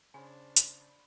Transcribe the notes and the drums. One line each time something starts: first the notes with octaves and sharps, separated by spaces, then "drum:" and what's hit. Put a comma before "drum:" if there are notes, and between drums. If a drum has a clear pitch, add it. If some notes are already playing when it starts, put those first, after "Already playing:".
C#3 D4 C5 C#5 G#5 B5
drum: hi-hat